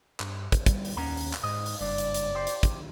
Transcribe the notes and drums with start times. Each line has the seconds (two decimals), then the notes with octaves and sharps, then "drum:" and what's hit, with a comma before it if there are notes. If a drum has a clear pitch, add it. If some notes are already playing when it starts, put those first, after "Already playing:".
0.20 G2, drum: clap
0.52 drum: kick, hi-hat
0.66 G3, drum: kick, hi-hat
0.85 drum: open hi-hat
0.97 D#2 C#4 F#5 A#5
1.17 drum: open hi-hat
1.33 drum: clap
1.43 G#2 D#5
1.66 drum: open hi-hat
1.81 F#1 G2 D5
1.98 drum: hi-hat
2.14 drum: hi-hat
2.35 G4 C5
2.47 drum: hi-hat
2.63 drum: kick, hi-hat